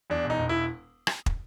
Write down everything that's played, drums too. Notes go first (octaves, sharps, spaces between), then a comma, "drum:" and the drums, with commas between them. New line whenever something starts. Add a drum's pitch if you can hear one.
E2 D4
E1
D#4
E1
E4
drum: rim click
drum: kick